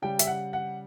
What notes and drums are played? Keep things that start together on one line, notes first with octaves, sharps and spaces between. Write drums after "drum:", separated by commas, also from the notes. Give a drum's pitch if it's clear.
C#3 G3 G5
E5, drum: hi-hat
F#5
F#5